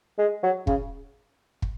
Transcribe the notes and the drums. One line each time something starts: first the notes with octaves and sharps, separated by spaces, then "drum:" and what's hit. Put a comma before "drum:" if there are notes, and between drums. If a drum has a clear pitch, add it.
G#3
F#3
C#3, drum: kick
drum: kick